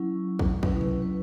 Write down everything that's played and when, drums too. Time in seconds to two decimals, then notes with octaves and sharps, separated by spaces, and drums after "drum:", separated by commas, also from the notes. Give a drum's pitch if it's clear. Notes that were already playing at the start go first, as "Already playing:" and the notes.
Already playing: F#3 C#4 E4
0.39 drum: kick
0.63 F#3 C#4 E4 B4, drum: kick
0.81 drum: tom B2
1.02 B4